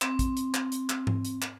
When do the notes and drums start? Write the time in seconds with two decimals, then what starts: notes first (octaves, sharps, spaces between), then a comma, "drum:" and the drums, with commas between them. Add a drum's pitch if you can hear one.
0.02 C4, drum: clap
0.19 drum: kick A1, hi-hat
0.37 drum: hi-hat
0.54 drum: clap
0.72 drum: hi-hat
0.89 drum: clap
1.07 drum: tom G#2
1.25 drum: hi-hat
1.42 drum: clap